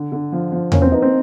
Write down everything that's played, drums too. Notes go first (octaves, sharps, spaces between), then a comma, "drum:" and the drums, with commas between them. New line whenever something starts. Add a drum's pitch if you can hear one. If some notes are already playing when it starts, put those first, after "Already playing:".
Already playing: D3
D3
F3
F3
A#3 C#4, drum: tom E2
C4
B3 D#4
C4